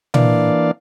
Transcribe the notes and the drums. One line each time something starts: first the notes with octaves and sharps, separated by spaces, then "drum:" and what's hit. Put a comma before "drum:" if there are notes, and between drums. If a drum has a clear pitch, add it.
E3 A#3 D4 D5 F5, drum: tom A#2